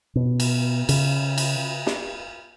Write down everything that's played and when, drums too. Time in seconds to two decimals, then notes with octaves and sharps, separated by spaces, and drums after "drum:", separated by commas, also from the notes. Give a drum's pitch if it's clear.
0.15 B2
0.40 drum: cymbal
0.89 C#3, drum: cymbal
1.38 drum: cymbal
1.87 drum: snare